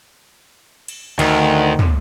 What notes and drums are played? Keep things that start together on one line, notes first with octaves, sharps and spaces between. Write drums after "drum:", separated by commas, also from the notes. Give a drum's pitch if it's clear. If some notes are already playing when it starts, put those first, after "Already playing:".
drum: cymbal
D2 D#3, drum: cymbal
drum: tom